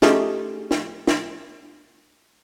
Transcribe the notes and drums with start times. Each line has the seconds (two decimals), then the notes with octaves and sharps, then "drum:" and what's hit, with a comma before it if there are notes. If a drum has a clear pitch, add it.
0.02 A3 C#4 D#4 F4 G4 G#4, drum: snare
0.71 drum: snare
1.07 drum: snare